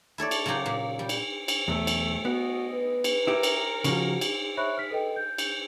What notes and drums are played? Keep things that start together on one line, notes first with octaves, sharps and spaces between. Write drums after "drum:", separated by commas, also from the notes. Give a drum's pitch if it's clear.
E4 A4 C#5 D5
drum: cymbal
C#3 F#3 F4 G4 A#4
A#2
G3
drum: cymbal
drum: cymbal
B1 E2 A3
drum: cymbal
B3 F#4 D#5
B4
drum: cymbal
E4 G4 A#4
drum: cymbal
C#3 E3 F3 F#4, drum: cymbal
drum: cymbal
C5 C#5 E5 B5 C#6 F#6
F6 B6
A4 B4 D#5 G5
G6
drum: cymbal